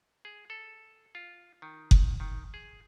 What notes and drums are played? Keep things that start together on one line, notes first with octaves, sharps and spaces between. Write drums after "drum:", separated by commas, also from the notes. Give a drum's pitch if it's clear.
G#4
A4
F4
D#3
drum: kick F#1
D#3
G#4